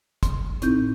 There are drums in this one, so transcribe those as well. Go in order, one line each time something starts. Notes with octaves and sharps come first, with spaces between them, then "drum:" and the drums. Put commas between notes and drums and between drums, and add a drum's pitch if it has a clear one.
C6, drum: kick, hi-hat
A2 C4 D#4 E4 G6, drum: hi-hat